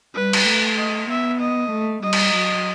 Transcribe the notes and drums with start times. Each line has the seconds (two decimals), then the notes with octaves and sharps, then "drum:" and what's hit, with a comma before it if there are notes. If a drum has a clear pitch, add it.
0.15 G3 B4
0.33 drum: cymbal
0.46 A3
0.78 D#5
1.09 B3 E5
1.40 D#5
1.70 A3
2.02 G3 D#5
2.13 drum: cymbal
2.33 F#3